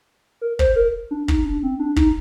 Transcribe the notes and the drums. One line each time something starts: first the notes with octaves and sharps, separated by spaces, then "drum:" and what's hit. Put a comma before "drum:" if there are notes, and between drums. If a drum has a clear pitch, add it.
A#4
C5, drum: kick
A#4
D4
D#4, drum: kick
D4
C4
D4
D#4, drum: kick